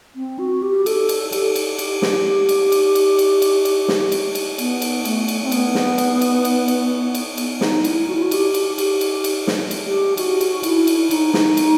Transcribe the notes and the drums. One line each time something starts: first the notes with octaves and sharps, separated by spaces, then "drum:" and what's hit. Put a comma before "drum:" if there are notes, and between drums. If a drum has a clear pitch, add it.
C4
F#4
G4
A4, drum: cymbal
drum: cymbal
G4, drum: cymbal
drum: cymbal
G4, drum: cymbal
drum: snare
drum: cymbal
drum: cymbal
drum: cymbal
drum: cymbal
drum: cymbal
drum: cymbal
drum: snare
drum: cymbal
drum: cymbal
B3, drum: cymbal
drum: cymbal
A3, drum: cymbal
drum: cymbal
C4
B3, drum: cymbal
drum: snare
drum: cymbal
drum: cymbal
drum: cymbal
drum: cymbal
drum: cymbal
B3, drum: cymbal
D#4, drum: snare
E4, drum: cymbal
F#4
E4
F#4
G4, drum: cymbal
drum: cymbal
G4, drum: cymbal
drum: cymbal
drum: cymbal
drum: snare
drum: cymbal
G4
F#4, drum: cymbal
drum: cymbal
E4, drum: cymbal
drum: cymbal
D#4, drum: cymbal
drum: snare
drum: cymbal